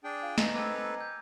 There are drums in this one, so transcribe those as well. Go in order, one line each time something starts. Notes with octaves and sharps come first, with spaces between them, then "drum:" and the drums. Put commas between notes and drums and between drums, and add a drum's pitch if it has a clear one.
D4 G#4 G5
F4
E3 D#4 G#5 A#6, drum: snare
C4 A4 B4 D6 E6 G#6
A#5
G6